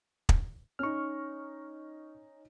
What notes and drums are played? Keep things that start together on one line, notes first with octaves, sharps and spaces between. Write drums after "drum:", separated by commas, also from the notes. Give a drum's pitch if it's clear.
drum: kick
C#4 D#4 C#6 F6